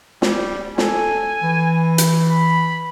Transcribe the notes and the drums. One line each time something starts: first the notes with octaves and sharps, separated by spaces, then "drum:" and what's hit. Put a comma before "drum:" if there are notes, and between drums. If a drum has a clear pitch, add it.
G3, drum: snare
A4 G#5, drum: snare
E3
drum: hi-hat
B5